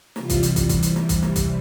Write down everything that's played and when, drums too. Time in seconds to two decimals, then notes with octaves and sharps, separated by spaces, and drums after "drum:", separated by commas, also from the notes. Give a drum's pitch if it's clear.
0.16 C3 E3 G3 F4, drum: snare
0.30 drum: kick, hi-hat
0.43 drum: hi-hat
0.56 drum: kick, hi-hat
0.69 drum: kick, hi-hat
0.83 drum: hi-hat
0.96 drum: snare
1.09 drum: kick, hi-hat
1.22 drum: snare
1.36 drum: kick, hi-hat